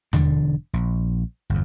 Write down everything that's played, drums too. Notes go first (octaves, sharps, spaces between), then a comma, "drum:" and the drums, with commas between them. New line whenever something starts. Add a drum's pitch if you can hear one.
E1 D3 D4, drum: tom D#2
A#1
G1 E2